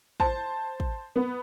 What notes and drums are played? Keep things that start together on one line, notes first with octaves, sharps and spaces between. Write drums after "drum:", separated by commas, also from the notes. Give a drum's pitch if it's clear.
C5 A5, drum: kick
drum: kick
B3